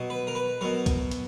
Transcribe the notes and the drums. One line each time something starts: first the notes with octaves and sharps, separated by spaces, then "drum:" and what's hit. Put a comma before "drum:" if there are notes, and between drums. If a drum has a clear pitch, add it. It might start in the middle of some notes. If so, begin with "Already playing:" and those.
Already playing: B2 F#3
B4
A#4
B4
B2 F#3 A#4
drum: kick, hi-hat
drum: hi-hat